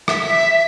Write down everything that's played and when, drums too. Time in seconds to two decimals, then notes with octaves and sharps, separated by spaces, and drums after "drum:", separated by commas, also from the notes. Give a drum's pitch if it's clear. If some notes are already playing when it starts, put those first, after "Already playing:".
0.08 E5, drum: rim click